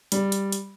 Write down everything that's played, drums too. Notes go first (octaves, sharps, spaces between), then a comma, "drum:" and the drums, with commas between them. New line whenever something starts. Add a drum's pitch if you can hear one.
G3, drum: hi-hat
drum: hi-hat
drum: hi-hat